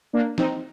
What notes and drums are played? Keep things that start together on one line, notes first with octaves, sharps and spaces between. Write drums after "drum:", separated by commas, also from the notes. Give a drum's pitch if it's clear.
A#3 D4
C4 D#4, drum: snare